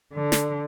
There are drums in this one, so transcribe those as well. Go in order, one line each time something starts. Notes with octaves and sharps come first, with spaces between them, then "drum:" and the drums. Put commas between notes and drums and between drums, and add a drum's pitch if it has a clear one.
D3
drum: snare